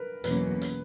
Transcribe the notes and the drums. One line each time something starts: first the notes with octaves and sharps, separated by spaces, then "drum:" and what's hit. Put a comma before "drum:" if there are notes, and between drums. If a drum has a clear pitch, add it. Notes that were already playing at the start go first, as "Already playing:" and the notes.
Already playing: A#4 B4
E2 B2 F#3 A#3 C#4 B4, drum: hi-hat
drum: hi-hat